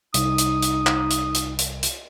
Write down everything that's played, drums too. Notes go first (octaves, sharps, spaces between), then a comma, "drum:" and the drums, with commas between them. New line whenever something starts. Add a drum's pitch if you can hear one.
C2 D#4 D#6, drum: hi-hat
drum: hi-hat
drum: hi-hat
drum: clap
drum: hi-hat
drum: hi-hat
drum: hi-hat
drum: hi-hat